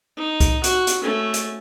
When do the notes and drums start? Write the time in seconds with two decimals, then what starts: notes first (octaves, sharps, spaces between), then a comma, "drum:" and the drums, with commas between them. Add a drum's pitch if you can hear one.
0.16 D#4
0.40 drum: kick C2, hi-hat
0.64 F#4, drum: hi-hat
0.87 drum: hi-hat
1.02 A3 C#4
1.34 drum: hi-hat